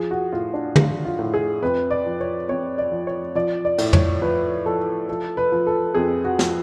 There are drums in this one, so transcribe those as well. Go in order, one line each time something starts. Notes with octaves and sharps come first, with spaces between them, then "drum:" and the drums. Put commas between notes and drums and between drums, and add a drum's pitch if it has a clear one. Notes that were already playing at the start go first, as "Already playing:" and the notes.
Already playing: F3 G#4
F#4
A2 F4
D4
F3 F4, drum: tom
F4
A2
G#4
F2 B4
D5
F3
C#5
F2 C#5
D5
F3
C#5
F3 D5
D5
A2, drum: cymbal
C#5, drum: tom
F3 B4
F3 A4
F3 A4
B4
F3
A4
F2 G#4
F#4
F3, drum: snare